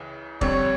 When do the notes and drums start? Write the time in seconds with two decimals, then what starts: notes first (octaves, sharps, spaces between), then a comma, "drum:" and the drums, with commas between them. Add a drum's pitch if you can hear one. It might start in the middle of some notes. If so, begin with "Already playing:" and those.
Already playing: C#2 C#3 E3
0.41 F2 D3 G3 C4 C#5, drum: kick